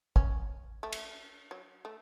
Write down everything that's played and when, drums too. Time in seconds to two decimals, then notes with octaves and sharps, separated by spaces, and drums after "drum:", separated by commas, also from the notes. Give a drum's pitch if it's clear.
0.16 C#4, drum: kick
0.83 A3
0.92 drum: cymbal
1.51 F#3
1.85 A3